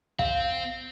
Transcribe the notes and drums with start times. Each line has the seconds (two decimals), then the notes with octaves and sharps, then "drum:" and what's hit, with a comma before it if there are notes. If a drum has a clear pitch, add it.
0.19 C4 F5, drum: kick